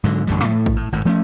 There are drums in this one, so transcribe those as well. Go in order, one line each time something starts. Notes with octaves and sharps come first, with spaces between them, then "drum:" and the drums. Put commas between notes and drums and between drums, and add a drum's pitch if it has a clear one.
G#2 D3 F#3
A1 F#2 D3 G3
A2 A3, drum: tom E3
drum: kick
A2
G#1 A2
F3 A3 A#3 C#4